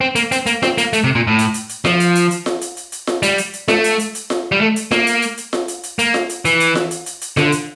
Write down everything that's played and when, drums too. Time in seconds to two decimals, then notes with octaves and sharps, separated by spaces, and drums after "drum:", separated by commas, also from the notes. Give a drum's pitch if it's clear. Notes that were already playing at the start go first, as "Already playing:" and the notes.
0.01 C4
0.15 A#3, drum: hi-hat
0.32 C4, drum: hi-hat
0.46 A#3, drum: hi-hat
0.63 C4, drum: snare F4
0.78 A#3, drum: hi-hat
0.93 A3, drum: hi-hat
1.04 C3
1.15 A#2
1.27 A2
1.39 drum: hi-hat
1.54 drum: hi-hat
1.69 drum: hi-hat
1.85 F3, drum: snare F4
2.00 drum: hi-hat
2.15 drum: hi-hat
2.31 drum: hi-hat
2.46 drum: snare F4
2.61 drum: hi-hat
2.77 drum: hi-hat
2.92 drum: hi-hat
3.07 drum: snare F4
3.23 G3, drum: hi-hat
3.38 drum: hi-hat
3.53 drum: hi-hat
3.68 A3, drum: snare F4
3.84 drum: hi-hat
3.99 drum: hi-hat
4.15 drum: hi-hat
4.30 drum: snare F4
4.52 G3
4.61 A3
4.76 drum: hi-hat
4.91 A#3, drum: snare F4
5.07 drum: hi-hat
5.22 drum: hi-hat
5.37 drum: hi-hat
5.53 drum: snare F4
5.68 drum: hi-hat
5.83 drum: hi-hat
5.99 A#3, drum: hi-hat
6.14 drum: snare F4
6.29 drum: hi-hat
6.45 E3, drum: hi-hat
6.60 drum: hi-hat
6.75 drum: snare F4
6.91 drum: hi-hat
7.06 drum: hi-hat
7.21 drum: hi-hat
7.37 D3, drum: snare F4
7.52 drum: hi-hat